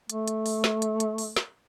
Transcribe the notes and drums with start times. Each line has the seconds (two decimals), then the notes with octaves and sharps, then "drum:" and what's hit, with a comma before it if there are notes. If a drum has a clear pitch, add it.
0.10 A3, drum: hi-hat
0.28 drum: hi-hat
0.46 drum: open hi-hat
0.64 drum: snare
0.82 drum: hi-hat
1.00 drum: hi-hat
1.18 drum: open hi-hat
1.36 drum: snare